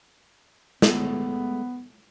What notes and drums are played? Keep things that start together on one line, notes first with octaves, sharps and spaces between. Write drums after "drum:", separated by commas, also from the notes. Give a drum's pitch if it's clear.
G#3 A3 B3, drum: snare